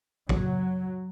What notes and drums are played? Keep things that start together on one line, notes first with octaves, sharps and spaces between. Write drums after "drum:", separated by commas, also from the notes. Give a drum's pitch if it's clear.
F#3, drum: kick A1